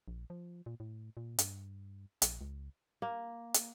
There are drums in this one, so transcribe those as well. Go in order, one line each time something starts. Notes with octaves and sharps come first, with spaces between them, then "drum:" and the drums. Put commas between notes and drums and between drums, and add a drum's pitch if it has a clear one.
A#1
F3
A#2
A2
A#2
G2, drum: hi-hat
A#1, drum: hi-hat
C#2
A#3
drum: hi-hat